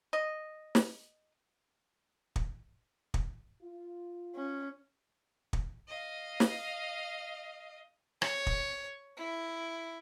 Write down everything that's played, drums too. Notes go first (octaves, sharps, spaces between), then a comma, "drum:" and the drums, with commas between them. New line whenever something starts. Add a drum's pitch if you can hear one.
D#5
drum: snare
drum: kick
drum: kick
F4
C#4
drum: kick
D#5 F5
drum: snare
C#5, drum: rim click
drum: kick
E4